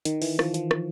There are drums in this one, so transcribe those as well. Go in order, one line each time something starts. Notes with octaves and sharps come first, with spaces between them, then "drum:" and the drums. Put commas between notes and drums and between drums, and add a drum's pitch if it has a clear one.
D#3, drum: hi-hat
E3, drum: open hi-hat
F3, drum: rim click
F3, drum: hi-hat
drum: rim click